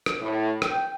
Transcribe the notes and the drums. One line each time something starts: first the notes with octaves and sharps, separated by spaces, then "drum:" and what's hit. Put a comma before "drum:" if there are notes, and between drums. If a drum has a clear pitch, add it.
drum: rim click
A2
G5, drum: rim click